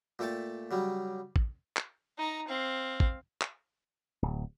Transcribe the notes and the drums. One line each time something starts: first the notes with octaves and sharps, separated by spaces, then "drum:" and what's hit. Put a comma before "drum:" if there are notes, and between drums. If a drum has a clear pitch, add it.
A#2 A3 A4 G5 A5
C#3 F#3 G3
drum: kick
drum: clap
D#4 A#5
C4 F5
drum: kick
drum: clap
D1